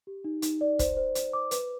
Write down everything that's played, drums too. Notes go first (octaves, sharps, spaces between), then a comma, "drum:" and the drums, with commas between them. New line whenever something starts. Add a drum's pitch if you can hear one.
G4
D#4
D#4, drum: hi-hat
D5
C5, drum: kick, hi-hat
C5
C5, drum: hi-hat
D6
B4, drum: hi-hat